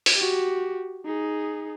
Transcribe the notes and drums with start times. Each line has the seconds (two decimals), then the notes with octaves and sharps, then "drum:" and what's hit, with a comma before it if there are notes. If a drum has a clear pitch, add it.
0.06 drum: open hi-hat
0.16 F#4 G4
1.05 D#4 G#4